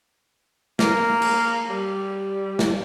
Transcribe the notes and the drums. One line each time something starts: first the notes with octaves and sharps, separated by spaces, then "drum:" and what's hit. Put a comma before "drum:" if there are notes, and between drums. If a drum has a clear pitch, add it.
A#3, drum: snare
drum: cymbal
G3
drum: snare